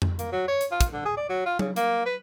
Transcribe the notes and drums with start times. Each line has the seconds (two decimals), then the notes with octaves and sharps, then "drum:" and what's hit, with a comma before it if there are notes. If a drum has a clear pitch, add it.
0.02 drum: tom F2
0.19 A#3, drum: hi-hat
0.32 F#3
0.48 C#5
0.61 drum: hi-hat
0.71 F4
0.81 drum: kick, hi-hat
0.93 D3
1.05 G#4
1.17 D5
1.29 F#3
1.46 F4
1.59 C#3, drum: tom F#3
1.76 A#3, drum: hi-hat
2.06 B4